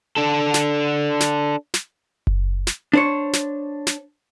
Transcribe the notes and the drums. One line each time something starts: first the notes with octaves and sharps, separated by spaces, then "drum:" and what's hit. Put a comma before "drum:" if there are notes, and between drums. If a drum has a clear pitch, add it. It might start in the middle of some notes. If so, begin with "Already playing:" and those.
D4 A4
drum: snare
drum: snare
drum: snare
drum: kick F#1
drum: snare
D4 C5 C#5
drum: snare
drum: snare